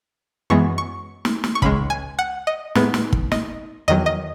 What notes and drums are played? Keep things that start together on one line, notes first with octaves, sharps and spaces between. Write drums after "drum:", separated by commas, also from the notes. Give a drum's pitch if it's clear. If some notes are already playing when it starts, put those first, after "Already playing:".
F#2 E3 G#3 B3 C#6
C#6
drum: snare
drum: snare
C#6
C#2 C#3 G#3 B5, drum: kick
G#5
F#5
D#5
A2 G#3 B3, drum: snare
drum: snare
drum: kick
D#5, drum: snare
E2 D#3 F#3 D#5
D#5